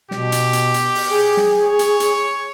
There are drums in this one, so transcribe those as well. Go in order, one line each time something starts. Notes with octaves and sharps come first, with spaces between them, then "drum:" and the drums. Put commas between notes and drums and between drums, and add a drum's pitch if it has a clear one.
B2 G4, drum: snare
drum: hi-hat
drum: hi-hat
drum: hi-hat
drum: open hi-hat
G#4
drum: snare
C#5
drum: hi-hat
drum: hi-hat